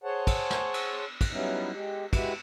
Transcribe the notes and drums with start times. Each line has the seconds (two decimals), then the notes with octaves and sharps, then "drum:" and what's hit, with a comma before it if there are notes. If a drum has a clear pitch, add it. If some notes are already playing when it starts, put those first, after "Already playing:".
0.04 G#4 C5 C#5 F#5 A5
0.27 drum: kick, cymbal
0.50 drum: snare
0.74 drum: cymbal
1.21 drum: kick, cymbal
1.32 F#3 G3 B3 C#4 D#4 E4
1.72 G#3 G4
2.13 G#3 E4 F#4 G4 B4, drum: kick, cymbal